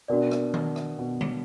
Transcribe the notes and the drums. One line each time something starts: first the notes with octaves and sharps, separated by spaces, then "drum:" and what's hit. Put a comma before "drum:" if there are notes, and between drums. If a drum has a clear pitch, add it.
B2 D4 F#4 A#4 D5
drum: rim click
drum: tom D#3
drum: rim click
B2
drum: tom D3